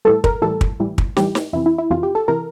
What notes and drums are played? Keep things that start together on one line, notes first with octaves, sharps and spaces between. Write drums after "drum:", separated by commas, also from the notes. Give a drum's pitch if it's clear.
A2 E3 G3 A4
A#4, drum: kick
A2 E3 G3 A4
drum: kick
A2 E3 G3
drum: kick
A2 E3 G3 G4, drum: snare
drum: snare
F2 C3 E3 E4
E4
E4
F2 C3 E3 F4
G4
A4
C3 E3 A#4